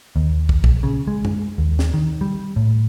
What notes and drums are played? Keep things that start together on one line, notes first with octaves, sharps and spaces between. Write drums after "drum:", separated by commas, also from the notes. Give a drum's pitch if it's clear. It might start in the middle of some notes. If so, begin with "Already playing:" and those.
D#2
drum: kick
A#1, drum: kick
C#3
G#3
drum: tom F#2
D#2
drum: snare
D#3
G3
A2